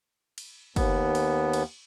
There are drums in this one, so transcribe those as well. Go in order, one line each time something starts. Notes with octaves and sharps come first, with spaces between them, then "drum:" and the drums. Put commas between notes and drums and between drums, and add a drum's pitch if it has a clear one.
drum: cymbal
D#2 B3, drum: kick, cymbal
drum: cymbal
drum: cymbal